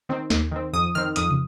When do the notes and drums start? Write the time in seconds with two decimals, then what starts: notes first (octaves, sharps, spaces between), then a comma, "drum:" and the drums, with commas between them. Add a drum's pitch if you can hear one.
0.09 D#3 C4
0.30 D#2, drum: snare
0.51 D#3 C4
0.73 F2 D#6
0.95 D#3 C4 F6
1.16 F2 D#6, drum: hi-hat
1.31 drum: tom